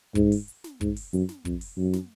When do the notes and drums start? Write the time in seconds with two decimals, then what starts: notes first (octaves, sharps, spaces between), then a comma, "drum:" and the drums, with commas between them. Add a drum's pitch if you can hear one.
0.15 G#2, drum: kick, hi-hat
0.32 drum: open hi-hat
0.48 drum: hi-hat
0.64 drum: snare
0.81 G#2, drum: kick, hi-hat
0.96 drum: open hi-hat
1.13 F#2, drum: hi-hat
1.29 drum: snare
1.45 F2, drum: kick, hi-hat
1.61 drum: open hi-hat
1.77 F#2
1.93 drum: snare